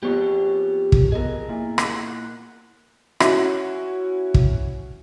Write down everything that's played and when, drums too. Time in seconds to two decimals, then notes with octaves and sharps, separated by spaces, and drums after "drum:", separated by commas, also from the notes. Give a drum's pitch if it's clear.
0.03 F2 B3 G4 G#4 C#5
0.92 drum: kick
1.12 B3 G#4 A#4 D#5
1.49 A#2 E4
1.78 drum: rim click
2.07 F#5
3.20 C#4 E4 F#4, drum: rim click
4.34 drum: kick